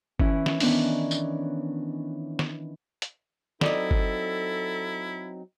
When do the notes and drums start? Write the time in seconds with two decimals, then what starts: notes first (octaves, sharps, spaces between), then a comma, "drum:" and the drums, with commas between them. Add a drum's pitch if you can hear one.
0.19 E3 C#4 E4, drum: kick G1
0.46 drum: snare
0.60 D#3 E3 B3 C#4 D4, drum: open hi-hat
1.11 drum: tambourine
2.39 drum: snare
3.02 drum: hi-hat
3.61 F#3 C4 D#4 E4 A4 D5 D#5, drum: snare
3.91 drum: kick G1